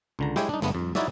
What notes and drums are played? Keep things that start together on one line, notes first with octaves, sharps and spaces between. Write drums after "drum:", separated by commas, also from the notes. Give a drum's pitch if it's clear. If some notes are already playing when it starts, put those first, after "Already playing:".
C#2 D3 A#5
G#3 E4 G4 C#5 G5, drum: snare
D4 D#4
G1 A3 B3, drum: snare
F2
D#4 E4 F#4 C#5 D5 E5, drum: snare